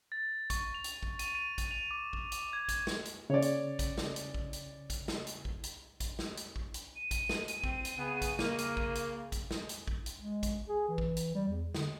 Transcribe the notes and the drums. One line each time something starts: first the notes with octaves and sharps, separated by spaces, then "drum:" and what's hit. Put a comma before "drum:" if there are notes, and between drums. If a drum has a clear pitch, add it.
A6
C#6, drum: kick A1, hi-hat
F7
drum: hi-hat
drum: kick A1
D#7, drum: hi-hat
D#7
drum: kick A1, hi-hat
F7
D6
drum: kick A1
drum: hi-hat
G#6
drum: kick A1, hi-hat
drum: snare
drum: hi-hat
C#3 C#5 D5
drum: hi-hat
drum: kick A1, hi-hat
drum: snare
drum: hi-hat
drum: kick A1
drum: hi-hat
drum: kick A1, hi-hat
drum: snare
drum: hi-hat
drum: kick A1
drum: hi-hat
drum: kick A1, hi-hat
drum: snare
drum: hi-hat
drum: kick A1
drum: hi-hat
D#7
drum: kick A1, hi-hat
drum: snare
drum: hi-hat
C4, drum: kick A1
drum: hi-hat
C#3 B3 G#4
drum: kick A1, hi-hat
A#3, drum: snare
drum: hi-hat
drum: kick A1
drum: hi-hat
drum: kick A1, hi-hat
drum: snare
drum: hi-hat
drum: kick A1
drum: hi-hat
G#3
drum: kick A1, hi-hat
G#4
E3
drum: kick A1
drum: hi-hat
G3
E2
D3, drum: snare